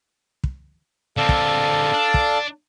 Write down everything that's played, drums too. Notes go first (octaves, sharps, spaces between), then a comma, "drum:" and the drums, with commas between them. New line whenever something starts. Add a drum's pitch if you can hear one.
drum: kick
D3 C4 A4 D5 F5
drum: kick
D4
drum: kick